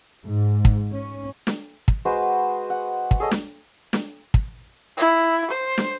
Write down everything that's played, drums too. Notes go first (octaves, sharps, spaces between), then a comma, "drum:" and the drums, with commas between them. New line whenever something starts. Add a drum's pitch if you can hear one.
G#2
drum: kick
C#4
drum: snare
drum: kick
G#3 F#4 B4 C5
F#5
drum: kick
G#4 A4 C#5 D#5
drum: snare
drum: snare
drum: kick
E4
C5
drum: snare